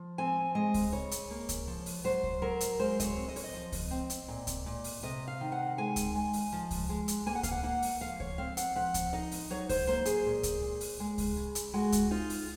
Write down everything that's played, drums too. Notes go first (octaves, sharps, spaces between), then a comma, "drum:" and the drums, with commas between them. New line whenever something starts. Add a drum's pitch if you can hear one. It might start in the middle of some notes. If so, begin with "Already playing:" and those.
Already playing: F3
C4 G#5
G#3 D#5
drum: kick C#2, open hi-hat
C#3 C#5
drum: hi-hat
A#3
drum: kick C#2, hi-hat
F3
drum: open hi-hat
F#3 C5
drum: kick C#2
F#3 A#4
drum: hi-hat
G#3 C5
D#5, drum: kick C#2, hi-hat
C#5
C4
D#5
C#5, drum: open hi-hat
D#5
F3
drum: kick C#2, open hi-hat
C4
drum: hi-hat
A#2
drum: kick C#2, hi-hat
A#2
drum: open hi-hat
C3 D#5
F5
D#3
F#5
G#3 G#5
drum: kick C#2, hi-hat
G#3
drum: open hi-hat
F3
drum: kick C#2, open hi-hat
G#3
drum: hi-hat
A#3 G#5
F#5
F5, drum: kick C#2, hi-hat
F#5
A#3 F#5
drum: open hi-hat
F3 F5
C#5, drum: kick C#2
C4 F5
F#5, drum: hi-hat
F3 F#5
drum: kick C#2, hi-hat
D#4 D#5
drum: open hi-hat
F#3 C#5
C5, drum: kick C#2, open hi-hat
A#3 C5
G#4, drum: hi-hat
A#2
drum: kick C#2, hi-hat
A#2
drum: open hi-hat
G#3
drum: kick C#2, open hi-hat
C#3
drum: hi-hat
G#3 F#4
drum: kick C#2, hi-hat
D#4 F4
drum: open hi-hat